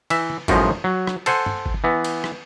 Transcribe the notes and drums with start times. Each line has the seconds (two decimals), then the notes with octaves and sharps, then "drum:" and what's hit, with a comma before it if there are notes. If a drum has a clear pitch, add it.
0.10 E3 E5, drum: cymbal
0.30 drum: tom
0.48 F#2 A2 F3 G#3 B3 D#4, drum: kick G1, cymbal
0.84 F#3
1.07 drum: rim click
1.26 A4 C5 F#5 G#5, drum: cymbal
1.46 drum: tom
1.66 drum: kick G1
1.84 E3 B3
2.05 drum: cymbal
2.24 drum: rim click